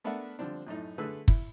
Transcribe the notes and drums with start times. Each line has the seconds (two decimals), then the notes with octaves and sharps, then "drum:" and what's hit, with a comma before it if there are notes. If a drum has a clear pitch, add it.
0.04 A3 B3 D4 A#4 E5 F#5
0.39 D3 F3 G3 C4 D4
0.67 F#2 A2 A3 D#4
0.98 D3 A3 G#4 B4 E6
1.28 E4, drum: kick